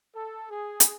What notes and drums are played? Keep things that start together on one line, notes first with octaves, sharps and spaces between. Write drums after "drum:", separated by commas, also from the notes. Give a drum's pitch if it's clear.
A4
G#4
drum: hi-hat